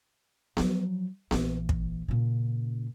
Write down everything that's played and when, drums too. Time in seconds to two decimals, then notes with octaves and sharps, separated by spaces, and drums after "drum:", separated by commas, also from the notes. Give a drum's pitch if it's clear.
0.57 F3 F#3, drum: snare B3
1.31 A#1 E3, drum: snare B3
1.69 drum: kick
2.08 A#2 C#3